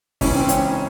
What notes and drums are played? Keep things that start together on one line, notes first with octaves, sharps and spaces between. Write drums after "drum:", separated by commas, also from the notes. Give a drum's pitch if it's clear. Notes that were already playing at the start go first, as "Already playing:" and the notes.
C#2 C#3 E3 C#4, drum: kick, open hi-hat
C4
C#4, drum: hi-hat